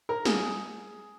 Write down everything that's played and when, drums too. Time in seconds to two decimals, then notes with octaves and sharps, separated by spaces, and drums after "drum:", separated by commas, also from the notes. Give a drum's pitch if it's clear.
0.09 A#4
0.25 G#4, drum: snare